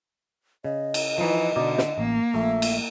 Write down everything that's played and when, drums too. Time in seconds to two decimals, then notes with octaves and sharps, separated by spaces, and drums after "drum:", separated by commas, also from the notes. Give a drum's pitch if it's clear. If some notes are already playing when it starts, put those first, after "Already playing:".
0.64 C#3 D#5
0.94 drum: cymbal
1.18 E3 F3 D#4
1.56 B2 D3 D#4 D5
1.78 drum: snare
1.98 A1 A#3
2.34 A#1 A3 E5
2.62 drum: cymbal